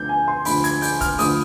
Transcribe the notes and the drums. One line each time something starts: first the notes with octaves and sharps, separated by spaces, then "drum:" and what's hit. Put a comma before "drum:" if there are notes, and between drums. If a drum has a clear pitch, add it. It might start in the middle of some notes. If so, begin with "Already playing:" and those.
Already playing: D2 D3 F3 G6
G#5
C6
D2 D3 F3 B5, drum: open hi-hat
G#6, drum: hi-hat
G6, drum: open hi-hat
F6, drum: kick, hi-hat
D2 D3 F3 D#6, drum: open hi-hat